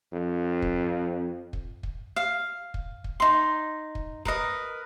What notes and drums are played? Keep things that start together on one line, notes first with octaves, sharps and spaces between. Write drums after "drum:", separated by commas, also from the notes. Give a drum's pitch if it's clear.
F2
drum: kick
drum: kick
drum: kick
F5
drum: kick
drum: kick
D#4 C6
drum: kick
A#4 B4 D#5, drum: kick